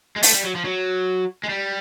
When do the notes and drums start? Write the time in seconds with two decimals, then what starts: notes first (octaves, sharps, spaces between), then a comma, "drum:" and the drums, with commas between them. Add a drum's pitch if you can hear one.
0.16 G#3
0.23 A3, drum: open hi-hat
0.34 G3
0.44 F#3
0.55 F3
0.65 F#3
1.43 G#3
1.49 G3